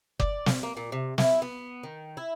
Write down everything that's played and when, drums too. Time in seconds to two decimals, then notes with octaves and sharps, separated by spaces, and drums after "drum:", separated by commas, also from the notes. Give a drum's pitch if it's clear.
0.20 D5, drum: kick F#1
0.46 drum: snare
0.63 A#3
0.77 A#2
0.92 C3
1.18 E4, drum: snare
1.42 B3
1.83 D#3
2.17 E4